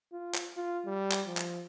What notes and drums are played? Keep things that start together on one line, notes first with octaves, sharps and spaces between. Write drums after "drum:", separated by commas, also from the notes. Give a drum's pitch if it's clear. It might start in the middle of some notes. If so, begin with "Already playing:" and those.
F4
drum: clap
F4
G3
drum: clap
F3
drum: clap